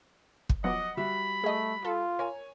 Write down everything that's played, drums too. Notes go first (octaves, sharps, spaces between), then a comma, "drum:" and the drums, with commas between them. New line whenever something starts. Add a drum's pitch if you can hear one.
drum: kick
F3 F#3 B3 D#5 F#5 D6
G3 F#4 E5 B5
A3 G#4 D#5
F4 A4
A#4 C#5 G#5